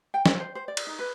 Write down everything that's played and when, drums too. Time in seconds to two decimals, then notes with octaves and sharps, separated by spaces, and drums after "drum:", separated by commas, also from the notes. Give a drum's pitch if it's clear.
0.14 G5
0.26 E4, drum: snare
0.40 C5
0.55 C5
0.68 D5
0.77 drum: cymbal
0.87 D#4
0.99 B4